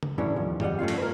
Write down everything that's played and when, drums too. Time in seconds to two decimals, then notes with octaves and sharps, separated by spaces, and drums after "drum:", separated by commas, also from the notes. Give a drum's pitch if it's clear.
0.03 drum: tom C#3
0.18 F#2 A2 E3 G3 C#4 D4
0.36 D#2 F3
0.60 F2 G3 D#5 F#5, drum: tom G2
0.79 A3 C#4 F4 F5
0.88 drum: cymbal
0.98 A#4 B4